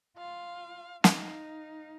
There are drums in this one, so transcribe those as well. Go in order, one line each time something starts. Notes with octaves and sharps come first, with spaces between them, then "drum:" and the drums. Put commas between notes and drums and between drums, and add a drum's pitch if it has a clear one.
F4 F5
D#4 F5, drum: snare
F5